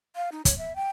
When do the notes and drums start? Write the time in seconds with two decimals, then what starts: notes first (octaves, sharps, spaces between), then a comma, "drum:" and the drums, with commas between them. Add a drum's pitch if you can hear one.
0.16 F5
0.32 D#4
0.45 C#5, drum: kick, hi-hat
0.58 E5
0.76 G5